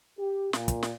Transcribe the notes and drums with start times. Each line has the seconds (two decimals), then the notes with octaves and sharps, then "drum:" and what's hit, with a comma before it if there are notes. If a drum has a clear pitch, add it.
0.18 G4
0.53 A#2, drum: snare
0.68 drum: kick, hi-hat
0.83 drum: snare